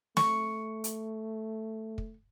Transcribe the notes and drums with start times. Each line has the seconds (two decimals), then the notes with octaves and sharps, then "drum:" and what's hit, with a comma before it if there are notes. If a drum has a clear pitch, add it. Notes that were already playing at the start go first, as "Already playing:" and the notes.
0.17 A3 C#6, drum: snare
0.84 drum: hi-hat
1.98 drum: kick